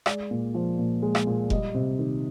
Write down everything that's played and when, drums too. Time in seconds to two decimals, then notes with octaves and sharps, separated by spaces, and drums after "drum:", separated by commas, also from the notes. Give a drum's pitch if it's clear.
0.06 G#3 D5, drum: rim click
0.31 A#2
0.54 F3
0.79 A#2
1.02 G#3
1.15 drum: rim click
1.27 A#2
1.50 G3 D#5, drum: kick F1
1.74 C3
1.99 D#3